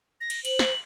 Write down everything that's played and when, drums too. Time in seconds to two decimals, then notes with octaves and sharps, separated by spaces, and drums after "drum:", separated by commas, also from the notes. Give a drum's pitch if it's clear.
0.21 A#6
0.30 drum: cymbal
0.45 C5 F#7, drum: cymbal
0.59 drum: snare